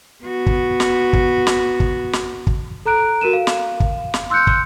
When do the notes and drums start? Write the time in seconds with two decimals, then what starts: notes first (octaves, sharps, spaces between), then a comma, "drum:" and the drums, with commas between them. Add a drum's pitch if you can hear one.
0.23 B3 F#4
0.46 drum: kick
0.80 drum: snare
1.13 drum: kick
1.47 drum: snare
1.80 drum: kick
2.13 drum: snare
2.47 drum: kick
2.85 A4 A#5 F#6 D7
3.21 F#4 A#4 D#7 E7
3.33 F5
3.47 drum: snare
3.80 drum: kick
4.14 drum: snare
4.30 C6 E6 F#6 G6 C#7
4.47 drum: kick